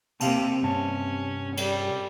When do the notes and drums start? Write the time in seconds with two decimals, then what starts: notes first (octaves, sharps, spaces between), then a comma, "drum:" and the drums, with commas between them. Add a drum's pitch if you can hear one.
0.20 C3 A#3 C4 F5 A5, drum: cymbal
0.63 G2 C3 C#4 A5
1.57 G3, drum: cymbal